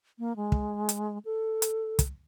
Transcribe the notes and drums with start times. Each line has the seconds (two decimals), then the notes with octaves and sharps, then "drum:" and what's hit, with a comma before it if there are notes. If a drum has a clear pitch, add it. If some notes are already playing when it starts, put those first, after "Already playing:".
0.19 A#3
0.36 G#3
0.52 drum: kick
0.89 drum: hi-hat
1.25 A4
1.62 drum: hi-hat
1.99 drum: kick, hi-hat